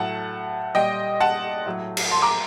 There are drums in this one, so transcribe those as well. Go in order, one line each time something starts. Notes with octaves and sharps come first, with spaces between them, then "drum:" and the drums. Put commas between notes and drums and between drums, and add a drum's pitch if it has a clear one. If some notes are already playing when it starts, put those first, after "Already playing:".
Already playing: A2 F#3 F#5 A5
A#2 G3 D#5 G5
F#5 A5
A2 F#3
drum: cymbal
A5 C6
A#5 D6